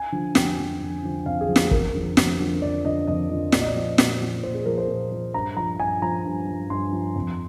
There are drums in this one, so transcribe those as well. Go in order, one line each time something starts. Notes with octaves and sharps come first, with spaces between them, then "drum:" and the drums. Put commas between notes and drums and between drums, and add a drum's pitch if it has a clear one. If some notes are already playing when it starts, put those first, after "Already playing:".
Already playing: G#5
D3 F3
F2 G5, drum: snare
D3 F3
F2
D3 F3
F2 F5
G#4
D3 F3
G#4, drum: snare
F2 A#4, drum: kick
D3 F3
F2, drum: snare
D3 F3
F2 D5
D3 F3 D#5
F2 D#5
D3 F3
A#2 D5, drum: snare
D#5
D5
F3
A#2, drum: snare
F3
A#2 C5
G#4
F3 A#4
C5
A#2
F3
G2 A#5
F3 A#5
G2 G#5
F3 A#5
G2
F3
G2 C6
F3
F2